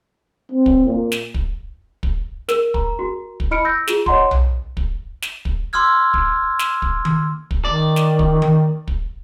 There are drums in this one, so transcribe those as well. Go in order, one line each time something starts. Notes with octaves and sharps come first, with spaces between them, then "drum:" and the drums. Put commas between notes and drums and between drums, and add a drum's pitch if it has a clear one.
C4
drum: kick
A#2
drum: snare
drum: kick
drum: kick
A#4, drum: snare
A#5, drum: kick
F#4
drum: kick
E4 D#5 B5 F6 C#7 D7
E6 G6 A#6
F4 G#4, drum: snare
C#5 D#5 F#5 A#5 C6, drum: kick
drum: tom B1
drum: kick
drum: snare
drum: kick
C6 D6 E6 F6 G#6
drum: kick
drum: snare
drum: kick
drum: tom D#3
drum: kick
D#3 D5
drum: snare
drum: kick
drum: tom D#3
drum: kick